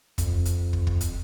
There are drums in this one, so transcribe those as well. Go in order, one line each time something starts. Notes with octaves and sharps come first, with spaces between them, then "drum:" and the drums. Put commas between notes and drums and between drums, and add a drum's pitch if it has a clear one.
F2, drum: kick, hi-hat
drum: hi-hat
drum: kick
drum: kick
drum: hi-hat